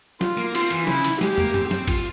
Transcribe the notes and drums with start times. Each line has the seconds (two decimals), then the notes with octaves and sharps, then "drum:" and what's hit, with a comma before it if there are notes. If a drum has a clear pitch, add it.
0.21 F4, drum: snare
0.38 A#3
0.55 C4 F4, drum: cymbal
0.70 E3, drum: cymbal
0.87 C#3 E4, drum: snare
1.04 drum: cymbal
1.21 G#3 G4, drum: snare
1.38 A#3, drum: tom
1.54 C4, drum: tom G2
1.71 drum: snare
1.87 F4, drum: kick, cymbal